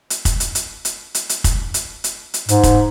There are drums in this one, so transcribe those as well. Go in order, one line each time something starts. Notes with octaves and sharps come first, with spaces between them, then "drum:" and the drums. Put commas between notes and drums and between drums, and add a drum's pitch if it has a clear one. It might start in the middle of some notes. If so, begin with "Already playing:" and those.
drum: hi-hat
drum: kick, hi-hat
drum: hi-hat
drum: hi-hat
drum: hi-hat
drum: hi-hat
drum: hi-hat
drum: kick, hi-hat
drum: hi-hat
drum: hi-hat
drum: hi-hat
G#2, drum: hi-hat
drum: kick, hi-hat